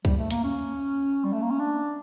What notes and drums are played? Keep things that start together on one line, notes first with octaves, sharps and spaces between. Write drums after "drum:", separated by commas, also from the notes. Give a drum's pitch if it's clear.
G3, drum: kick
A3
A#3, drum: hi-hat
C#4
G3
A3
A#3
C#4
D4